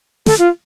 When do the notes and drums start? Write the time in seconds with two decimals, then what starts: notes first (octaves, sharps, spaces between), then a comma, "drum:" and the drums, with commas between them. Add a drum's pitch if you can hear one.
0.26 A4, drum: snare
0.39 F4